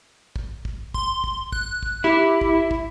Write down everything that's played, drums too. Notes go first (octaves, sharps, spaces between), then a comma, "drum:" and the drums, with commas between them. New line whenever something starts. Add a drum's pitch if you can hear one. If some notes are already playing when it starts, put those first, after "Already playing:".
drum: kick
drum: kick
C6, drum: kick
drum: kick
F#6, drum: kick
drum: kick
E4 G4
drum: kick
drum: kick